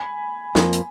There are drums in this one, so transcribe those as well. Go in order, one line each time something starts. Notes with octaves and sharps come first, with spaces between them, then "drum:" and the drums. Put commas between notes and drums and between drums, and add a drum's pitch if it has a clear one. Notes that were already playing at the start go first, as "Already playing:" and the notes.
Already playing: G#5 B5
F2 F3 A#3, drum: snare
drum: hi-hat